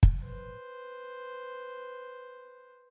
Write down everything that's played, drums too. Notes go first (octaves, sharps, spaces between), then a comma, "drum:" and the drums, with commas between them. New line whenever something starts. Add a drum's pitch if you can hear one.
drum: kick
B4 C5